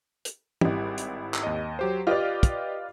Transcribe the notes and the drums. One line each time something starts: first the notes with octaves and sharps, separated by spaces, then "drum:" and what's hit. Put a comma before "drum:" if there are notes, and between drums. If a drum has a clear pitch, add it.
drum: hi-hat
G#1 G3 E4, drum: tom
drum: hi-hat
drum: clap
D#2 D#5
F#3 G4 C5
F4 G4 B4 D5 D#5 F6
drum: kick, hi-hat